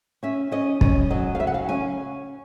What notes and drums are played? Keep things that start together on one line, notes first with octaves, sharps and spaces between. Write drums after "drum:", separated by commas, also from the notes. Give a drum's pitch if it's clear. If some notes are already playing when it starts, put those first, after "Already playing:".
C#4 E5
C#4 D#5
C#4 D#5, drum: kick
F#3 D#5
F5
C#3 E5
F#5
F5
C#4 G#5